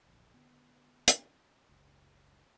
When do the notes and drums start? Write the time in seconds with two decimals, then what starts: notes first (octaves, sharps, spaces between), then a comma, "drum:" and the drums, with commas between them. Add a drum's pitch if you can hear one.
0.04 D1 A#1
0.34 D3 B3
1.08 drum: hi-hat
1.69 F#1 C#2